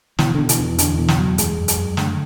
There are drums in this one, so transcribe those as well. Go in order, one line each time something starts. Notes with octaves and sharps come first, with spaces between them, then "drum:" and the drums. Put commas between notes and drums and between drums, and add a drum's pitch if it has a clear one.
B2 E3, drum: snare
B2 D3
E3, drum: hi-hat
E2 E3
E2 D3, drum: hi-hat
B2 E3
drum: snare
E2 F#3
F#2 G#3, drum: hi-hat
F#2
drum: hi-hat
F#2
D3 A3, drum: snare